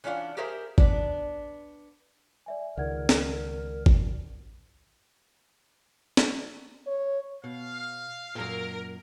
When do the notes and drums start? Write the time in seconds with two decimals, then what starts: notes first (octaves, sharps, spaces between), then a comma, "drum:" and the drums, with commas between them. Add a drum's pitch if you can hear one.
0.04 E3 C#4 D4 F4 F#5
0.37 G4 G#4 A#4 C5 E5
0.78 B3 D4, drum: kick
2.46 D5 E5 G#5
2.77 C#2 D#3 A#4 D5 F#5 G#6
3.09 drum: snare
3.86 drum: kick
6.17 drum: snare
6.87 C#5
7.44 B2 F5
8.35 F#2 A#2 A#4